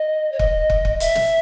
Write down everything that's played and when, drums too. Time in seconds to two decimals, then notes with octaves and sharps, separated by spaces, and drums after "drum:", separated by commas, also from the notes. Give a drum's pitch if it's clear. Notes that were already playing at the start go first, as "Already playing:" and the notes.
Already playing: D#5
0.32 C#5
0.39 D#5, drum: kick
0.70 drum: kick
0.85 drum: kick
1.00 E5, drum: hi-hat
1.15 drum: snare